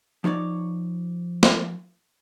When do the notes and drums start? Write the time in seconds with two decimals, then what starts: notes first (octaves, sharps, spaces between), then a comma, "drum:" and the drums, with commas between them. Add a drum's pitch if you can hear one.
0.24 F3 D#4 C#5 D5
1.43 drum: snare